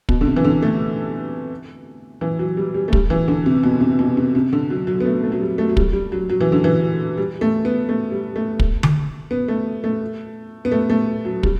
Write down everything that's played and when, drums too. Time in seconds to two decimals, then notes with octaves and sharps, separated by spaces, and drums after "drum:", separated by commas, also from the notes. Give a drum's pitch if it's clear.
0.09 B2, drum: kick
0.21 D3
0.27 C3
0.36 E3
0.45 D3
0.62 A3
2.21 E3
2.39 F#3
2.57 G3
2.74 G3
2.88 A3
2.93 G3, drum: kick
3.10 E3
3.28 D3
3.46 C3
3.63 B2
3.81 C3
3.99 B2
4.17 C3
4.35 C3
4.53 D3
4.70 F#3
4.87 F#3
5.00 B3
5.05 A3
5.23 A3
5.32 F#3
5.41 G3
5.58 A3
5.69 F#3
5.77 G3, drum: kick
5.93 G3
6.12 F#3
6.30 F#3
6.41 E3
6.52 D3
6.64 E3
7.17 G3
7.41 A3
7.65 B3
7.89 A3
8.12 G3
8.36 A3
8.60 drum: kick
8.83 drum: tom D3
9.31 B3
9.48 A3
9.84 A3
10.65 B3
10.72 A3
10.90 A3
11.25 F#3
11.43 G3, drum: kick